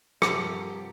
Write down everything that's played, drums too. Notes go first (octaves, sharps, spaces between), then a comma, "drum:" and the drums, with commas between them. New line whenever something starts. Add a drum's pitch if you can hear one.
G2 C3 F3 G4 A4 A#4 F#5, drum: rim click